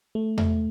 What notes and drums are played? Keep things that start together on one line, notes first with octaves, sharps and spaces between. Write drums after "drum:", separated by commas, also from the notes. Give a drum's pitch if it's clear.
A3
A3, drum: tom E2